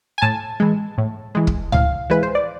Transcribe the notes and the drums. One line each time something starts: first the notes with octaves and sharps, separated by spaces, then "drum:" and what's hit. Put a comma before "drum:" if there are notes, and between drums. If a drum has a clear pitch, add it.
G#5
A2 A5
E3 G#3
A2
E3 G#3
drum: kick
A2 F5, drum: tom C#2
E3 G#3 B4
C5
D5